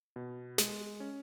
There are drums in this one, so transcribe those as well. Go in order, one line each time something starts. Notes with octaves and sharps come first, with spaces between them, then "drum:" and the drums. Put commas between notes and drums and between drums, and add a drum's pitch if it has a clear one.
B2
G#3, drum: snare
C#4